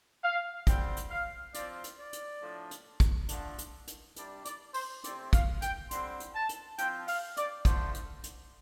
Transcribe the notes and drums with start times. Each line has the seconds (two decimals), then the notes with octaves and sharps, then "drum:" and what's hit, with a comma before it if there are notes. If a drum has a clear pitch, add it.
0.24 F5
0.67 D3 G3 C4 G5, drum: kick, hi-hat
0.96 drum: hi-hat
1.11 F5
1.54 F3 C4 D5, drum: hi-hat
1.84 drum: hi-hat
1.98 D5
2.13 drum: hi-hat
2.42 A2 F3 D4
2.71 drum: hi-hat
3.00 drum: kick, hi-hat
3.29 D3 F3 A3 D4, drum: hi-hat
3.58 drum: hi-hat
3.87 drum: hi-hat
4.16 C3 G3 D4 D5, drum: hi-hat
4.45 D5, drum: hi-hat
4.74 C5, drum: open hi-hat
5.04 C3 A3 C4 D5, drum: hi-hat
5.33 F5, drum: kick, hi-hat
5.62 G5, drum: hi-hat
5.91 D3 G3 C4 C6, drum: hi-hat
6.20 drum: hi-hat
6.35 A5
6.49 drum: hi-hat
6.78 F3 C4 G5, drum: hi-hat
7.07 F5, drum: open hi-hat
7.37 D5, drum: hi-hat
7.65 D3 F3 A3 C5, drum: kick, hi-hat
7.94 drum: hi-hat
8.23 drum: hi-hat